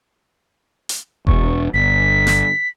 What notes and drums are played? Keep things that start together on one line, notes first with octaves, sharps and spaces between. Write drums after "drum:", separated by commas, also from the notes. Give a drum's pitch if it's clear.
drum: hi-hat
E1 C#6, drum: kick F1
G1 B6
drum: snare